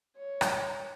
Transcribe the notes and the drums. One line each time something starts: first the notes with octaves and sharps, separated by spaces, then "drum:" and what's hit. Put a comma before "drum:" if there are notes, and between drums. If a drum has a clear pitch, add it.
C#5
drum: rim click